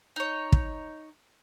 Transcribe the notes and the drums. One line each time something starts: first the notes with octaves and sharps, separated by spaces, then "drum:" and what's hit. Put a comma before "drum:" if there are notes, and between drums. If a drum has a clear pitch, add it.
D#4 C#5
drum: kick